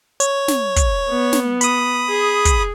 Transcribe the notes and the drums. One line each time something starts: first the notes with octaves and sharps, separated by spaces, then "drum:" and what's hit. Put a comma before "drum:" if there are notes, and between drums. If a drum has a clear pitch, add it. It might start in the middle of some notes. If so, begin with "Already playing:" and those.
C#5, drum: hi-hat
drum: snare
drum: kick, hi-hat
B3
drum: snare
B5 D#6, drum: hi-hat
G#4
drum: kick, hi-hat